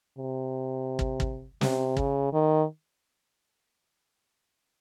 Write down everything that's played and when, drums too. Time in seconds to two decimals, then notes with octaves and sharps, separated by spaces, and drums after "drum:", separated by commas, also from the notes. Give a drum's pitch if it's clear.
0.18 C3
0.99 drum: kick
1.20 drum: kick
1.61 C3, drum: snare
1.97 C#3, drum: kick
2.33 D#3